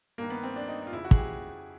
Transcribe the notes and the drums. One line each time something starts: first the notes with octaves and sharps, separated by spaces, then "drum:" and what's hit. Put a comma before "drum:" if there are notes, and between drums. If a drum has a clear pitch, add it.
G2 D#3 A#3
B3
C4
D4
D#4
D#4
F4
F2 C#3 F3 E4
F#4
G#4, drum: kick
G4